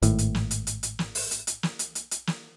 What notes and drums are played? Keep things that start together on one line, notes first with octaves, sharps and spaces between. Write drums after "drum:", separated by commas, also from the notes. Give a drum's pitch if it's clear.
G#1 A2, drum: hi-hat
drum: hi-hat
drum: snare
drum: hi-hat
drum: hi-hat
drum: hi-hat
drum: snare
drum: open hi-hat
drum: hi-hat
drum: hi-hat
drum: snare
drum: hi-hat
drum: hi-hat
drum: hi-hat
drum: snare